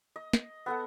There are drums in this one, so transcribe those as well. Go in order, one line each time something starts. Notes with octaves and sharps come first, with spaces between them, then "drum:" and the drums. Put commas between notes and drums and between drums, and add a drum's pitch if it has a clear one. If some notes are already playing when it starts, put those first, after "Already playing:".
D#5
drum: snare
B3 A4 F#5